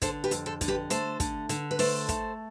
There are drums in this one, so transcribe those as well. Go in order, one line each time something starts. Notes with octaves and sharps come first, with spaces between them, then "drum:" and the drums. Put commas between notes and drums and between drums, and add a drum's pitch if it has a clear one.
D3 A4 C5, drum: kick, hi-hat
G4 B4
F2, drum: hi-hat
A4 C5
D3, drum: kick, hi-hat
G4 B4
A3 A4 C5, drum: hi-hat
D3, drum: kick, hi-hat
D3, drum: hi-hat
B4
A3 A4 C5, drum: open hi-hat
A3, drum: kick, hi-hat